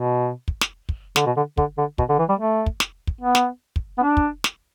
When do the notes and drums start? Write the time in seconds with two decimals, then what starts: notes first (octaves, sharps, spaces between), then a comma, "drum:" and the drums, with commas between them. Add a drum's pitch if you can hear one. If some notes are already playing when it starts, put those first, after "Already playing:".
Already playing: B2
0.48 drum: kick
0.61 drum: snare
0.89 drum: kick
1.16 D3, drum: snare
1.26 B2
1.36 D3
1.57 D3, drum: kick
1.78 D3
1.98 B2, drum: kick
2.09 D3
2.18 E3
2.29 G3
2.39 A3
2.66 drum: kick
2.80 drum: snare
3.07 drum: kick
3.21 B3
3.35 drum: snare
3.76 drum: kick
3.98 B3
4.03 D4
4.17 drum: kick
4.44 drum: snare